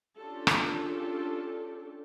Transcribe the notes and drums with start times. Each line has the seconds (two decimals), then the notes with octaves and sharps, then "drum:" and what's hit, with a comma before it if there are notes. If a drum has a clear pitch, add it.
0.18 C#4 D4 F4 G4 A4
0.47 drum: rim click